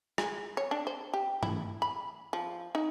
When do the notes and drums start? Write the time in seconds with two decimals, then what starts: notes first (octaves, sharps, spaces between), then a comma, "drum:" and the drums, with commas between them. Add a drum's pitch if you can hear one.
0.18 G#3, drum: rim click
0.57 C#5
0.71 D4
0.87 C5
1.14 G4
1.43 E4, drum: tom
1.82 B5
2.33 F3
2.75 D#4